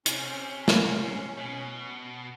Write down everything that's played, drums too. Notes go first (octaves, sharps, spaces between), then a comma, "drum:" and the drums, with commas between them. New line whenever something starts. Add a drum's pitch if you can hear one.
C3 C#4, drum: hi-hat
drum: snare
B2